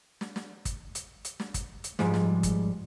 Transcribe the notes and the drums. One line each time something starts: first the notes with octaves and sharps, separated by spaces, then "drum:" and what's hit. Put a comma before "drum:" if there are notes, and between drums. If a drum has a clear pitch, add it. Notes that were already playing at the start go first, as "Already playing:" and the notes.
drum: snare
drum: snare
drum: kick, hi-hat
drum: hi-hat
drum: hi-hat
drum: snare
drum: kick, hi-hat
drum: hi-hat
G#2 F3 G3 G#3, drum: snare
drum: snare
drum: kick, hi-hat